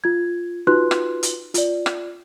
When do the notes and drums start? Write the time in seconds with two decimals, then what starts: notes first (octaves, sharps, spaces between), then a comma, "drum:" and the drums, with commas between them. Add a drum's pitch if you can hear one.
0.04 F4 G#6
0.67 D#4 F4 F#4 B4 C6 F#6
0.91 drum: rim click
1.23 drum: hi-hat
1.54 F4 D5, drum: hi-hat
1.86 drum: rim click